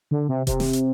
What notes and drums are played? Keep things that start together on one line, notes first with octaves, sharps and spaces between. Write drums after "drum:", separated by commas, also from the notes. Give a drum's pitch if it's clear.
D3
C3
C3, drum: kick E1, hi-hat
drum: snare
drum: hi-hat